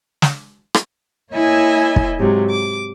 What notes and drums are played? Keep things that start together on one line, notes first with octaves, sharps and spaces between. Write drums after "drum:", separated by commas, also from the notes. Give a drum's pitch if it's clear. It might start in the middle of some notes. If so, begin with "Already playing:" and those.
drum: snare
drum: rim click
A#3 E4 C#5 D#5 E5 G#5
drum: kick
G#2 C3 F#3
D6